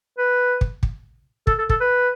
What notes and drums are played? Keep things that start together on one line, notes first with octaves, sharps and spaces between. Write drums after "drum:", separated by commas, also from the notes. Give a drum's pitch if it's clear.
B4
drum: kick
drum: kick
A4, drum: kick
A4
A4, drum: kick
B4